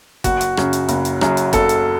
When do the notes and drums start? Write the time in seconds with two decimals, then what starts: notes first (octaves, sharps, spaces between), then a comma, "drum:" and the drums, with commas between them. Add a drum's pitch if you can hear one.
0.24 F#1 F#4, drum: kick, hi-hat
0.41 drum: hi-hat
0.57 F#2 C#3 F#3, drum: rim click
0.73 drum: hi-hat
0.88 F#1, drum: hi-hat
1.05 drum: hi-hat
1.21 F#2 C#3 F#3, drum: rim click
1.37 drum: hi-hat
1.53 F#1 A4, drum: kick, hi-hat
1.69 drum: hi-hat